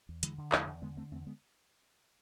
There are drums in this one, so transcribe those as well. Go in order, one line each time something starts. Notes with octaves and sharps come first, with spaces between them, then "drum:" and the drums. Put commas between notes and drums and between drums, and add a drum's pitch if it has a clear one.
E2
D3 E3 G#3, drum: hi-hat
D3
E2 F3 A3, drum: clap
E2
D3 G#3 B3
D3 A3 C4
E2 A3 C4
G#3 B3